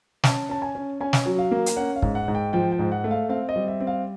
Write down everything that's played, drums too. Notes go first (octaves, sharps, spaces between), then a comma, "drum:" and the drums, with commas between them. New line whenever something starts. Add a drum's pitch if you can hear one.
C#4 A5, drum: snare
C#4 A5
G#5
C#4
C#4 G#5
drum: snare
F#3
F5
A#3
drum: hi-hat
C#4 F#5
F5
G#2, drum: kick
F#5
G#2
G5
F3 G5
G5
G#2
F#5
A3
F5
C4 F5
D#5
G3
E5
C4
F5